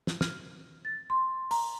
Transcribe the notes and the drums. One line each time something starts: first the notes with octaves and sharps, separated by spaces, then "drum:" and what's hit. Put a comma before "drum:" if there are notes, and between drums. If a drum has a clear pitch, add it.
drum: snare
F6, drum: snare
A6
C6
A#5, drum: open hi-hat